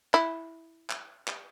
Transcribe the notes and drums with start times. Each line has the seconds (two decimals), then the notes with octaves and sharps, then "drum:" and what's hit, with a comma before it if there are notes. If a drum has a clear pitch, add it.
0.14 E4, drum: clap
0.90 drum: clap
1.28 drum: clap